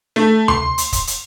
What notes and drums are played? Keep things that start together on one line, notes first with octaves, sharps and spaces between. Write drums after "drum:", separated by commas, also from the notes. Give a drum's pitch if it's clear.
A3
C6, drum: tom D2
drum: hi-hat
drum: kick, hi-hat
drum: hi-hat